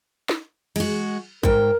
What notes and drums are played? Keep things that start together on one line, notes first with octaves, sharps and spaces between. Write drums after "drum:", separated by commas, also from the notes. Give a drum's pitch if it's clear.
drum: snare
G#3 F#4, drum: cymbal
G#2 A#4 G5, drum: kick